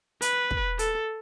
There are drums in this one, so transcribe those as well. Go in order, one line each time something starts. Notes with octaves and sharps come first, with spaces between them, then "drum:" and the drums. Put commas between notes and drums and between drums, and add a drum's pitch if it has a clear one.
B4, drum: hi-hat
drum: kick
A4, drum: hi-hat